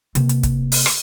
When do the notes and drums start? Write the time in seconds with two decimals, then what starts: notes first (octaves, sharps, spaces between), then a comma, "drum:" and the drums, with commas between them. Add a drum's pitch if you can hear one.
0.15 C3 A#3, drum: hi-hat
0.29 drum: hi-hat
0.43 drum: kick, hi-hat
0.72 drum: open hi-hat
0.86 drum: rim click